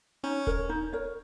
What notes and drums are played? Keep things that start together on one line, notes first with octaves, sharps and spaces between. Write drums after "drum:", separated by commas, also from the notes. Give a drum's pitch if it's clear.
C#4 D#4
A#4 C#5, drum: kick D#1
D#4
A#4 C#5